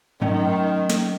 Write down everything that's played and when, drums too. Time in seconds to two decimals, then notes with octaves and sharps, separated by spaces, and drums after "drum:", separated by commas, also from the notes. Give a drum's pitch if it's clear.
0.22 D#3 F#3 A3 C#4, drum: tom G2
0.90 drum: snare